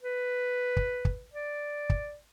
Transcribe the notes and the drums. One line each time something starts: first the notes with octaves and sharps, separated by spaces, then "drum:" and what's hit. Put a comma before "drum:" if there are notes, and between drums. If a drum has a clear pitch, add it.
B4
drum: kick
drum: kick
D5
drum: kick